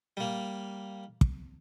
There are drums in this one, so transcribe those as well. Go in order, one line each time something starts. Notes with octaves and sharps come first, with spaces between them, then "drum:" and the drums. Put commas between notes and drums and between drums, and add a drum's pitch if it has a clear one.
G3 A#3
drum: kick